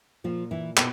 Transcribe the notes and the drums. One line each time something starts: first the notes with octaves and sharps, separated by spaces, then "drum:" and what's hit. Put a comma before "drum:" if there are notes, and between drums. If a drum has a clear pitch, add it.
A#2 F3 F4
E3 E4
B2 B3, drum: clap